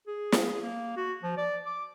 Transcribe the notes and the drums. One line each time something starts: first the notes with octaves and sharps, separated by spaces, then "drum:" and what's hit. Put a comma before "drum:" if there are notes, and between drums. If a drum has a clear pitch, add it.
G#4
drum: snare
A#3
F#4
F3
D5
D6